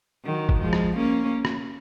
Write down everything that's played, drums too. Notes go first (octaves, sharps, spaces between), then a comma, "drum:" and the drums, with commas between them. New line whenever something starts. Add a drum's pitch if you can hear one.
D#3 F#3
drum: kick
F3 G#3
drum: rim click
A#3 C#4
drum: rim click